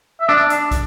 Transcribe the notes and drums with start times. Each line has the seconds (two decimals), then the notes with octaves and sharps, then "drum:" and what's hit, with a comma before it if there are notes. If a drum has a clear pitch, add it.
0.20 E5
0.28 D4 D5
0.50 drum: hi-hat
0.71 drum: kick, hi-hat